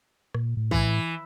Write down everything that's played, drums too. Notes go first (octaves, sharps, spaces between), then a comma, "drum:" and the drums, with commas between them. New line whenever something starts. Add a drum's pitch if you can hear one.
A#2, drum: rim click
A2
E3, drum: kick